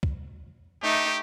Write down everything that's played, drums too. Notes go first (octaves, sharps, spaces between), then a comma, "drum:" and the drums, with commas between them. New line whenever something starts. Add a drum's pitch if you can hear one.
drum: kick
A3 D#4 G4